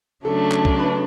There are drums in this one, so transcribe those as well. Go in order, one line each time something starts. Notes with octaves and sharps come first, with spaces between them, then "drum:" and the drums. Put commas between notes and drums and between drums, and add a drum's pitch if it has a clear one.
C#3 F#3 A3 D4 A4
drum: clap
drum: kick
B4